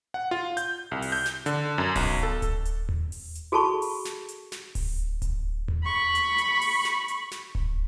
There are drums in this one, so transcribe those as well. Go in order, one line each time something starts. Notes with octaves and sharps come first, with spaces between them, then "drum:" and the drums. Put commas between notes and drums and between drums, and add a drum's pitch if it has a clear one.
F#5
F4
G6, drum: hi-hat
C2
drum: open hi-hat
G6
drum: snare
D3, drum: hi-hat
F#2
B1, drum: kick D1, open hi-hat
A4
drum: kick D1, hi-hat
drum: hi-hat
drum: tom D#2
drum: open hi-hat
drum: hi-hat
F#4 G#4 A4 A5 B5 C#6
drum: open hi-hat
drum: snare
drum: hi-hat
drum: snare
drum: kick D1, open hi-hat
drum: kick D1, hi-hat
drum: tom D#2
B5 C#6
drum: hi-hat
drum: hi-hat
drum: open hi-hat
drum: snare
drum: hi-hat
drum: snare
drum: kick D1